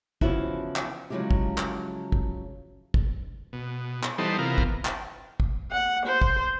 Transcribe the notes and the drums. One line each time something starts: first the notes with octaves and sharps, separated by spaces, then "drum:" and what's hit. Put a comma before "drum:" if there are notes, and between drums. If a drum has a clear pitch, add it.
C#3 E3 F3 B3 E4 F#4, drum: kick
drum: clap
C#3 F3 F#3 G#3 E4 G4
drum: kick
drum: clap
drum: kick
drum: kick
B2
drum: clap
E3 G3 B3 D#4 A4 C5
C3 E3 B3 F4 A#4
drum: kick
drum: clap
drum: kick
F#5
C5
drum: kick